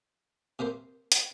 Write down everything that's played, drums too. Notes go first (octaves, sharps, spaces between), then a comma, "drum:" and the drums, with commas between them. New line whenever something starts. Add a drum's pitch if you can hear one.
C3 A#3 B4 C5
drum: hi-hat